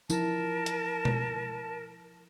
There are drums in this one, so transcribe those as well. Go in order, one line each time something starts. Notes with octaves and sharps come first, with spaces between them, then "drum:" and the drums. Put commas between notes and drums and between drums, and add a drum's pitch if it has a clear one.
F3 E4 A#4 A5, drum: tambourine
drum: hi-hat
drum: tom B2